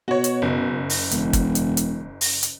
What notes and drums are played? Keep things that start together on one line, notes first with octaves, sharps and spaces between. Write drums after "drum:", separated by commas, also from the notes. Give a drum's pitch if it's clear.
B2 F#4 C#5
drum: hi-hat
F#1
drum: open hi-hat
E1, drum: hi-hat
drum: kick, hi-hat
drum: hi-hat
drum: hi-hat
drum: open hi-hat
drum: hi-hat